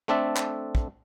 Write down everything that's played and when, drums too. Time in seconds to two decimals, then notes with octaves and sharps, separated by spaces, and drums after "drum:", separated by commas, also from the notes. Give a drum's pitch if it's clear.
0.08 A3 C4 D4 A4 E5
0.36 drum: clap
0.75 drum: kick